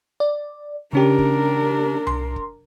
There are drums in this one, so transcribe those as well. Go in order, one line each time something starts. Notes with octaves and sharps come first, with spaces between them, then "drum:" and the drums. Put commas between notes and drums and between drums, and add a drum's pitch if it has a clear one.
D5
C#3 C#4 D4 G4 A#4
drum: kick
C6, drum: tom C2
drum: kick